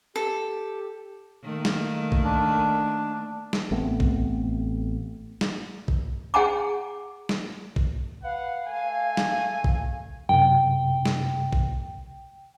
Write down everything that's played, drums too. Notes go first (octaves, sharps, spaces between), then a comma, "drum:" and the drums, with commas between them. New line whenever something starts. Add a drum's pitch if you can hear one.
G4 A4
D#3 A3 A#3
drum: snare
drum: kick A#1
D4
drum: snare
A1 A3 B3 C4
drum: kick A#1
drum: snare
drum: kick A#1
G#4 F#5 G#5 A#5 D6
drum: snare
drum: kick A#1
B4 F5 F#5
A3 G#5
drum: snare
drum: kick A#1
F#2 C3 G5
drum: snare
drum: kick A#1